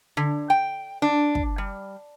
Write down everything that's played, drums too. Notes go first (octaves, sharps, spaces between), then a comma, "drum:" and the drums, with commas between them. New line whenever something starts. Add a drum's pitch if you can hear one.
D3
G5
D4
drum: kick
G3